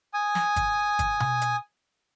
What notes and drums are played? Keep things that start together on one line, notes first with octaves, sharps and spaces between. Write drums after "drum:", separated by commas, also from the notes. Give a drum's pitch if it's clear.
G#5 D#6
drum: snare
drum: kick G1, hi-hat
drum: kick G1, hi-hat
drum: tom B2
drum: hi-hat